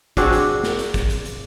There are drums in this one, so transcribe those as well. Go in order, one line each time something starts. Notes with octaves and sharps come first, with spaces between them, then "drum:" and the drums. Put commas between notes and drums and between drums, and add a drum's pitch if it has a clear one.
C4 D4 F#4 G#4, drum: kick, hi-hat
drum: hi-hat
drum: snare
drum: hi-hat
drum: kick, hi-hat
drum: hi-hat
drum: hi-hat